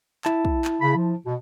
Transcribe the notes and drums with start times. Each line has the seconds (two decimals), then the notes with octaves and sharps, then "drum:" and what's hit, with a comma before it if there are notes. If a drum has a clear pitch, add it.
0.25 E4 A5, drum: clap
0.45 drum: kick
0.65 drum: clap
0.81 C#3 B5
0.96 F3
1.25 B2